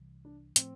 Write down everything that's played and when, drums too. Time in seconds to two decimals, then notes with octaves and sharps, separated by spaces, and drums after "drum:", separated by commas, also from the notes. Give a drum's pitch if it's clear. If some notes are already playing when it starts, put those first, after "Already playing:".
Already playing: C2 C3 E3
0.25 D4
0.56 A2 F3 A3 C4, drum: hi-hat